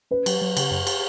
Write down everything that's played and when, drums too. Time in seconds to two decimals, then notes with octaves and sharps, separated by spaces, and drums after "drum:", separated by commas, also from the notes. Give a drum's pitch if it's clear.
0.11 C#4 B4
0.26 F#3, drum: cymbal
0.42 F#3
0.57 C#3, drum: cymbal
0.71 F#2
0.87 drum: cymbal